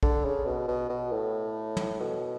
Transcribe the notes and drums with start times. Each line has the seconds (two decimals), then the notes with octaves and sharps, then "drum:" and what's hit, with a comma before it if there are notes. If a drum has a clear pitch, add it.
0.03 D3, drum: kick A#1
0.25 C#3
0.46 B2
0.68 B2
0.89 B2
1.12 A2
1.77 drum: tom
2.00 B2